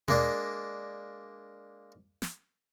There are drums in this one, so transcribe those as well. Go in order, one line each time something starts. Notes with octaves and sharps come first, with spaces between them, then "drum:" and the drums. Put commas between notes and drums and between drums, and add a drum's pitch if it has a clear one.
G#3 A#3 D4, drum: tom B2
drum: snare